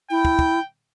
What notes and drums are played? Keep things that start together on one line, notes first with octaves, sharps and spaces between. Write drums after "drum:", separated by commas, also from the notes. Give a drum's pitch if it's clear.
E4 G5
drum: kick
drum: kick